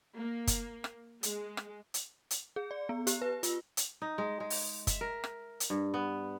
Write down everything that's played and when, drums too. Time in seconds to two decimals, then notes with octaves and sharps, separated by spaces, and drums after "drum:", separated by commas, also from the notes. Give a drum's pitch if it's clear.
0.17 A#3
0.47 drum: kick, hi-hat
0.84 drum: rim click
1.23 G#3, drum: hi-hat
1.57 drum: rim click
1.94 drum: hi-hat
2.31 drum: hi-hat
2.56 G#4
2.71 D5
2.89 B3
3.07 G4, drum: hi-hat
3.22 B4
3.43 F4, drum: hi-hat
3.77 drum: hi-hat
4.02 D#4
4.18 G#3
4.40 G#3
4.50 drum: open hi-hat
4.87 E5, drum: kick, hi-hat
5.01 A#4
5.24 drum: rim click
5.60 drum: hi-hat
5.70 G2
5.94 B3